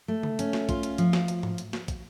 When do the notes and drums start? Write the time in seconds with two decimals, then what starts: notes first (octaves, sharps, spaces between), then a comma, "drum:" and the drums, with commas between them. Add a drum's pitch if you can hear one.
0.08 A3
0.23 drum: tom C#3
0.39 C#4, drum: hi-hat
0.53 drum: snare
0.69 F4, drum: kick, hi-hat
0.83 drum: hi-hat
0.98 F3, drum: hi-hat
1.13 drum: snare
1.28 drum: hi-hat
1.43 drum: tom G#2
1.58 drum: hi-hat
1.73 drum: snare
1.88 drum: kick, hi-hat